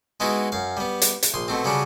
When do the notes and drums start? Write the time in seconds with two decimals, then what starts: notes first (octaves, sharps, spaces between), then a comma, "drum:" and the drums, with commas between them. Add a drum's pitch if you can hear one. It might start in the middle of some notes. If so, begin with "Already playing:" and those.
0.20 G#3 B3 D#4 E4 F#4
0.52 F#2 F5
0.77 G3 B3
1.02 drum: hi-hat
1.23 drum: hi-hat
1.34 A#1 C6 D#6
1.48 B2 A3 C4
1.65 C#3 F#3 G3 C#4 D4